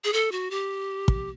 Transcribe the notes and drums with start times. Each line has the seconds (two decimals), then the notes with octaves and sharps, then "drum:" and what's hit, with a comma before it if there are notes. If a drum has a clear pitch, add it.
0.04 G#4
0.13 A4
0.32 F#4
0.51 G4
1.08 drum: kick